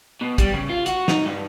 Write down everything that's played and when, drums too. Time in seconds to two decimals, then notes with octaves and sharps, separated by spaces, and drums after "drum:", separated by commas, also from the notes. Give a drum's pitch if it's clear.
0.21 B2
0.38 G3, drum: kick, hi-hat
0.54 C#3
0.69 F4
0.86 F#4, drum: hi-hat
1.08 D#4, drum: snare
1.25 G2